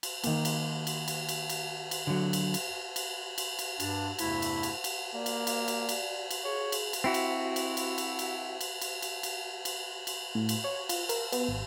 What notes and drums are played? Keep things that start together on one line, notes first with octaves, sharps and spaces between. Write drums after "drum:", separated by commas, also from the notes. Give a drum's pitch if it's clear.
drum: cymbal
D#3 A#3, drum: cymbal
drum: cymbal
drum: cymbal
drum: cymbal
drum: cymbal
drum: cymbal
drum: cymbal
D3 F#3
drum: cymbal
drum: cymbal
drum: cymbal
drum: cymbal
drum: cymbal
G2 D4, drum: cymbal
E2 G2 C3 A3 E4, drum: cymbal
drum: cymbal
drum: cymbal
drum: cymbal
A#3 D5
drum: cymbal
drum: cymbal
drum: cymbal
drum: cymbal
drum: cymbal
G#4 C#5
drum: cymbal
drum: cymbal
C4 E4 F#4
drum: cymbal
drum: cymbal
drum: cymbal
drum: cymbal
drum: cymbal
drum: cymbal
drum: cymbal
drum: cymbal
drum: cymbal
drum: cymbal
drum: cymbal
A2
drum: cymbal
C#5
F4, drum: cymbal
A#4, drum: cymbal
B3, drum: cymbal
G#1